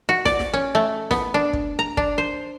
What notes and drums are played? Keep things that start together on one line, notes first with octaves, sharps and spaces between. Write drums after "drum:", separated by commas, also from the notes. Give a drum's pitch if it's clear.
F#4
D5, drum: snare
drum: snare
C#4
A3
B3, drum: snare
D4
drum: kick
A#5
D4, drum: kick
C5